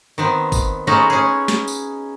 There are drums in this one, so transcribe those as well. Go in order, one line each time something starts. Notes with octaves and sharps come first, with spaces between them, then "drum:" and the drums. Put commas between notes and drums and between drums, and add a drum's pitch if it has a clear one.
D#3 B3 C4
drum: kick, tambourine
G#3 A3 B3 C#4 D#4 F#4
C#4 G#4
drum: snare
drum: tambourine